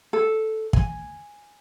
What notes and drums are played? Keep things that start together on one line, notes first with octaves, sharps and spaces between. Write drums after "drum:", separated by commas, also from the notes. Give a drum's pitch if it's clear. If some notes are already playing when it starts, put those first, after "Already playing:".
A4
G#5, drum: kick